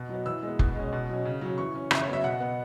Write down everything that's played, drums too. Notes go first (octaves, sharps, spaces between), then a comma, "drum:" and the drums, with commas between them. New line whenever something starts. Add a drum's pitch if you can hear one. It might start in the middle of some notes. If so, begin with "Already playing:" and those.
Already playing: B2
F#3 B3
E3 E6
G#3 B3
B2, drum: kick F1
G#3 C#4
B2
F#3 C#4
C#3
F#3 C#4
E3 C#6
C#4
C#3 E5, drum: rim click
C#5
F#3 B3 E5
B2 F#5
B3